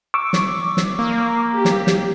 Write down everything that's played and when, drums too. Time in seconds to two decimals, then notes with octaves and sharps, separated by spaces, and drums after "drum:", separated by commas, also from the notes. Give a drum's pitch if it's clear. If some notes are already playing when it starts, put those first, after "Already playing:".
0.14 C#6 D6 E6
0.33 drum: snare
0.77 drum: snare
0.99 A#3
1.53 G4
1.65 drum: snare
1.87 drum: snare